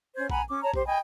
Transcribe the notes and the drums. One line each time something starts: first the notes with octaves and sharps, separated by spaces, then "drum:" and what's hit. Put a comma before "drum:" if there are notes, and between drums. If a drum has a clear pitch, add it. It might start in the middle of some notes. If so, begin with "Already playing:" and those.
C#4 C5 G#6
F#5 G#5 A#5 B5, drum: kick A#1
C#4 D6
C#5 A5 A#5
G4 C5, drum: kick A#1
D#5 G5 G#5 B5